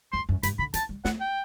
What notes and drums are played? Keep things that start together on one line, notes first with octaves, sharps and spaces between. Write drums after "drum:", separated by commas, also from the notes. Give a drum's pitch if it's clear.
F#2 C6
F#2
G2 B5, drum: hi-hat
D3 B5
E3 A5, drum: hi-hat
G3
A3 F#5, drum: snare
G5